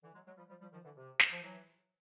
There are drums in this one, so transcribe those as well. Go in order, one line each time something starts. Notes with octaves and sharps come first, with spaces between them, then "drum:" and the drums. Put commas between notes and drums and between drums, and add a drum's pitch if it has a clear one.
D3 E3
F#3 G#3
F#3 G#3
F3 G3
F3 G3
F3 G3
D#3 F3
D3 E3
C3
drum: snare
F3
E3 F#3